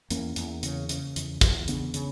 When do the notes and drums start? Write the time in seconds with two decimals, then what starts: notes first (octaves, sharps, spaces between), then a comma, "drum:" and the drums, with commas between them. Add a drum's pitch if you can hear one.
0.10 E2 A#3 C#4, drum: hi-hat
0.36 E2, drum: hi-hat
0.63 C#3, drum: hi-hat
0.89 C#3, drum: hi-hat
1.16 E2, drum: hi-hat
1.41 E2, drum: kick, hi-hat
1.68 C#3 B3 D4, drum: hi-hat
1.94 C#3, drum: hi-hat